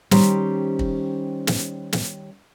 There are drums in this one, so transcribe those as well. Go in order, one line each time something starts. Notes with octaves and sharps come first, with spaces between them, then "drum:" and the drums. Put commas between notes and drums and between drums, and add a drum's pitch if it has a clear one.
D#3 G3 C#4 G4 C5 A#5, drum: snare
drum: kick
drum: snare
drum: snare